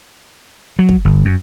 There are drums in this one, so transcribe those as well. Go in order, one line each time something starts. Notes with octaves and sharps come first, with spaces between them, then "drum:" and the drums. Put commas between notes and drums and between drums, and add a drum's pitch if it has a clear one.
F#3
drum: kick
G1
F#2